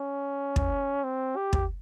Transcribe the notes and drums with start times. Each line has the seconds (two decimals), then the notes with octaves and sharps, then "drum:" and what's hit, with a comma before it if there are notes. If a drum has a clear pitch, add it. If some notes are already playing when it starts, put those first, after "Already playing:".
Already playing: C#4
0.56 drum: kick
1.04 C4
1.37 G4
1.53 drum: kick